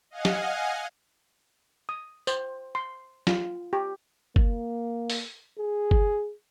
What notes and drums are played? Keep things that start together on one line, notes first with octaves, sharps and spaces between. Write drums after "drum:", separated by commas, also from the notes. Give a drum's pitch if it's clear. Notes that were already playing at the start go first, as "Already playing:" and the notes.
D#5 F5 F#5 G#5
drum: snare
D#6
C5, drum: tambourine
C6
F4, drum: snare
G4
A#3, drum: kick
drum: open hi-hat
G#4
drum: kick